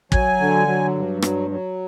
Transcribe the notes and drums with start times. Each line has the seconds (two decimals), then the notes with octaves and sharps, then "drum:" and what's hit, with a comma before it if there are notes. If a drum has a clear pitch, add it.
0.12 F#3 G#5, drum: kick
0.40 D3
0.68 F#3
0.95 G2
1.22 F#3, drum: rim click
1.51 F#3